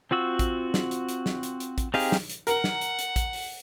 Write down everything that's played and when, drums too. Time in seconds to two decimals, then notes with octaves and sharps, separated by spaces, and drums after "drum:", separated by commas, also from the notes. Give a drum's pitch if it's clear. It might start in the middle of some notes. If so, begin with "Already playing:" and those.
0.11 C4 F4 F#4 E6
0.39 drum: kick, hi-hat
0.74 drum: snare
0.91 drum: hi-hat
1.09 drum: hi-hat
1.26 drum: snare
1.43 drum: hi-hat
1.60 drum: hi-hat
1.78 drum: kick, hi-hat
1.94 C4 D#4 G4 G#4 F5, drum: open hi-hat
2.12 drum: snare
2.30 drum: hi-hat
2.47 A#4 F#5, drum: hi-hat
2.64 drum: snare
2.81 drum: hi-hat
2.99 drum: hi-hat
3.16 drum: kick, hi-hat
3.33 drum: open hi-hat